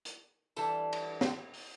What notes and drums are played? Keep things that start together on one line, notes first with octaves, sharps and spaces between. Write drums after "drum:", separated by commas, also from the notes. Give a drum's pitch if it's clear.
drum: hi-hat
E3 G3 D4 A4 A5, drum: tambourine
drum: cymbal
drum: snare
drum: open hi-hat